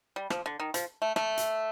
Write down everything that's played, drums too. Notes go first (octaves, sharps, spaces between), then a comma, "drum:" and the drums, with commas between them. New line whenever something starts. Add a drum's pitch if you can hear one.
G3
F3, drum: rim click
D3
D#3
F3, drum: hi-hat
A3
A3, drum: rim click
drum: hi-hat